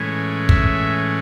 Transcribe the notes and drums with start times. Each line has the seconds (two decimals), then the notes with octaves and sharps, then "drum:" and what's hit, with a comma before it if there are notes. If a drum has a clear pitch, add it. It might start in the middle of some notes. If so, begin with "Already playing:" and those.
Already playing: A2 E3 G#3 C#4
0.49 E5, drum: kick